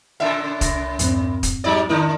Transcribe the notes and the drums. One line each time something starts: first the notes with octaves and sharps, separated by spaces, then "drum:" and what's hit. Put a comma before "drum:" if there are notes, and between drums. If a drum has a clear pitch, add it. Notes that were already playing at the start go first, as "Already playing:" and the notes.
A#2 C#3 E5
C2 A#6, drum: kick, hi-hat
F2 G#2 C4, drum: hi-hat
drum: kick, hi-hat
F#3 D#4 D5
D3 D#3 G#3 D4 E4 A#4